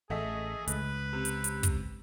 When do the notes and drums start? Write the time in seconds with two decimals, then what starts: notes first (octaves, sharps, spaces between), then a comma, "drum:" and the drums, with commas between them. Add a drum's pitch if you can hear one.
0.10 A1 A3 G#4 D#5 E5
0.68 C#2 B4, drum: hi-hat
1.13 C3
1.25 drum: hi-hat
1.44 drum: hi-hat
1.63 drum: kick, hi-hat